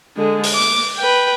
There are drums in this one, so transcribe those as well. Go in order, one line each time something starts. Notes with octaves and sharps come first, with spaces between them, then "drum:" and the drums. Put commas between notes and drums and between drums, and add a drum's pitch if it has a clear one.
D3 G#3
drum: open hi-hat
D6
B4 G5